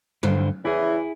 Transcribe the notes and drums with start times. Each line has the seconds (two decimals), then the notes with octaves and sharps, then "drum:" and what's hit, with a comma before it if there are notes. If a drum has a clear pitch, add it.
0.23 G2 D3 C5, drum: tom F#3
0.65 E2 C#3 E3 E4 G#4